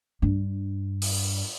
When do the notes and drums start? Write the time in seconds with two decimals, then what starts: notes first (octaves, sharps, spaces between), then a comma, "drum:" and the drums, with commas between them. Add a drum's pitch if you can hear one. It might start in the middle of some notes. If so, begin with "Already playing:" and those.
0.22 G2 D4
1.02 drum: open hi-hat